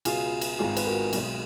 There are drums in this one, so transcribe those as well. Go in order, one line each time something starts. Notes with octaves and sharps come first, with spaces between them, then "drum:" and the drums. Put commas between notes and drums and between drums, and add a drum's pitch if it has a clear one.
C#2 B2 F#3 F4 G#4, drum: cymbal
drum: cymbal
G#1 G#2 D#3 G#3 F4 G#4
B4, drum: cymbal
F#4 A#4
B1 B2 G#3, drum: cymbal